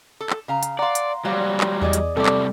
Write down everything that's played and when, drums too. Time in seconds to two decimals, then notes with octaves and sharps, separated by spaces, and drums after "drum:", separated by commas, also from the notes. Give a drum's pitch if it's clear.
0.21 A4
0.30 drum: clap
0.48 C#3 F5 A#5
0.63 drum: hi-hat
0.79 D5 F5 F#5 A#5 C6
0.95 drum: hi-hat
1.25 F#3 G3 C5 D5 F5
1.61 drum: clap
1.81 E2 G#4 D5 D#5
1.93 drum: hi-hat
2.17 C3 G3 A3 G4 A4 D5
2.26 drum: clap